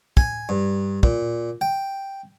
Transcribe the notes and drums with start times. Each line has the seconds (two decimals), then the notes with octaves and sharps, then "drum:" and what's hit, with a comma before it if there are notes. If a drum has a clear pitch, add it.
0.17 G#5, drum: kick
0.49 G2
1.03 A#2, drum: kick
1.61 G5